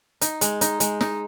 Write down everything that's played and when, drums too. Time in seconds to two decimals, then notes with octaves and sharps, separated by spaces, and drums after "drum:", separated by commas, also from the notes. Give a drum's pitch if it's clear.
0.21 D#4, drum: hi-hat
0.41 G#3, drum: hi-hat
0.61 D#4, drum: hi-hat
0.80 G#3, drum: hi-hat
1.01 D#4, drum: snare